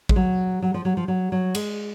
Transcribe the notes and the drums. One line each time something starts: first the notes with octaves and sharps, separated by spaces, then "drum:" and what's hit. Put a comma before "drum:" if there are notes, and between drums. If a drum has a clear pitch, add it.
G#3, drum: kick
F#3
F#3
F3
F#3
F3
F#3
F#3
G#3, drum: cymbal